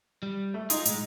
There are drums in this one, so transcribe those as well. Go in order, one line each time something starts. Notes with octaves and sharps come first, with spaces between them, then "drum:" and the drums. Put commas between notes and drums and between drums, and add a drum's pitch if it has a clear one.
G3
A3
D#4 F4 G#4, drum: hi-hat
A2 G#3, drum: hi-hat